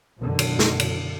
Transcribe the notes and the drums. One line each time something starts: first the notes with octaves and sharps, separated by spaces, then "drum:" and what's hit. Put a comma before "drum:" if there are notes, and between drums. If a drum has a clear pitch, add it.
F#2 B2 D3 D#3
drum: cymbal
drum: snare
drum: cymbal